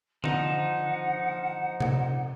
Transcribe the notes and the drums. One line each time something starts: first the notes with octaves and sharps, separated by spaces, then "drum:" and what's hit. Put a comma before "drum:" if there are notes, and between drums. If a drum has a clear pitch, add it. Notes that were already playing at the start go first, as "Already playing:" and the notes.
F3 D#4 F#5, drum: tom D3
drum: tom C3